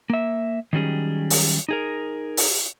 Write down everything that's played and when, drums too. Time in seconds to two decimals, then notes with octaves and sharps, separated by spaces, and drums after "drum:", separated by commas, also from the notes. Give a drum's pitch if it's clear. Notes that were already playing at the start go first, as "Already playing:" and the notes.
0.10 A#3 E5
0.73 D#3 F#3 G3 C#4 G#4
1.30 drum: open hi-hat
1.69 D#4 G#4 A#4
2.37 drum: open hi-hat